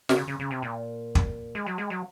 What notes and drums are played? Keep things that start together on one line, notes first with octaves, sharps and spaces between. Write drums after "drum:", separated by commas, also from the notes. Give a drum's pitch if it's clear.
C3, drum: snare
C#3
C#3
C#3
C3
A#2
drum: kick
G#3
F#3
G#3
F#3